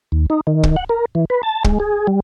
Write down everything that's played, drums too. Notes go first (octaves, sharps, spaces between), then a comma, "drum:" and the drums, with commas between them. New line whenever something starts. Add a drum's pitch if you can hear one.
D#2
D#4
D#3
drum: kick
F#5
A#4
E3
B4
A5
G#3, drum: kick
G#4
G3